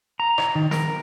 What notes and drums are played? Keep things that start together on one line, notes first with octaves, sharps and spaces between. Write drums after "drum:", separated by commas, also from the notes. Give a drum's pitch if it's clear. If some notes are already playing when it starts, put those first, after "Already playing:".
A#5
drum: rim click
D#3
A#4, drum: snare